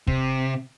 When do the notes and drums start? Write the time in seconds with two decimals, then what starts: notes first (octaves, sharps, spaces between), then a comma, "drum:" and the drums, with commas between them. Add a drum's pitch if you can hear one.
0.07 C3, drum: kick